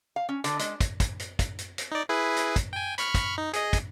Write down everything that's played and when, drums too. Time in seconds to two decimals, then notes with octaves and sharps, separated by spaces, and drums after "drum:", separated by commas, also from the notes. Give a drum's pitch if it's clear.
0.16 F5
0.29 C#4
0.44 D3, drum: hi-hat
0.59 G#3, drum: hi-hat
0.81 drum: kick, hi-hat
1.00 drum: kick, hi-hat
1.20 drum: hi-hat
1.39 drum: kick, hi-hat
1.59 drum: hi-hat
1.78 drum: hi-hat
1.92 D#4 D5
2.09 E4 G#4 B4
2.37 drum: hi-hat
2.56 drum: kick, hi-hat
2.73 G5 G#5
2.98 B5 C#6 F6, drum: hi-hat
3.15 drum: kick, hi-hat
3.38 D#4
3.54 G#4 D#5, drum: hi-hat
3.73 drum: kick, hi-hat